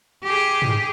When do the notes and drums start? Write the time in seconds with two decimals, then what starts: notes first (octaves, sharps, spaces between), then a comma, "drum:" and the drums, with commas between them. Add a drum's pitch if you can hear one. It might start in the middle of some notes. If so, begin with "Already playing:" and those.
0.23 G4 G#4
0.62 drum: tom